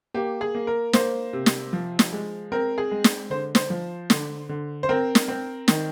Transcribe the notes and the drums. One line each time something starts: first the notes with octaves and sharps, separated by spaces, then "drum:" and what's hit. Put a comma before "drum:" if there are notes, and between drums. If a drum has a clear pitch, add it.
A#3 G4
G#4
A#3
A#4
A#3 C5, drum: snare
C3
drum: snare
F3
drum: snare
G#3
C4 A#4
G#4
G#3
drum: snare
D3 C5
C5, drum: snare
F3
D3, drum: snare
D3
C5
C4 A#4
drum: snare
C4
D#3, drum: snare